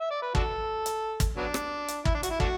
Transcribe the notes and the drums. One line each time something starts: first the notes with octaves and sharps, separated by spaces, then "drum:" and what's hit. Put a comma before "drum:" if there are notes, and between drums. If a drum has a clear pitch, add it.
E5
D5
B4
D4 F#4 A4, drum: kick
drum: hi-hat
drum: kick, hi-hat
F#3 B3 D4
drum: rim click
drum: hi-hat
E4, drum: kick
D4
F#4, drum: hi-hat
E4
A3 D4 F#4, drum: kick